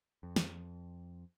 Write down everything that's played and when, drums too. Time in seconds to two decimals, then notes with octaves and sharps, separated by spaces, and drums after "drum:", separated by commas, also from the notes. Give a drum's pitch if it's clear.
0.23 F2
0.36 drum: snare